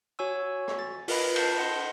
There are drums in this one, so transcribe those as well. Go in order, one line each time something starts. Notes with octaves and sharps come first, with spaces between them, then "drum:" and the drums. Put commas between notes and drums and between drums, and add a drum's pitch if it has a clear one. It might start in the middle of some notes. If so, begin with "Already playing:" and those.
F#4 C#5 G#5 C#6 E6
drum: rim click
A6
F4 A#4 B4 D#5 B5, drum: open hi-hat
A5 G6, drum: cymbal
D#5 F#5 C6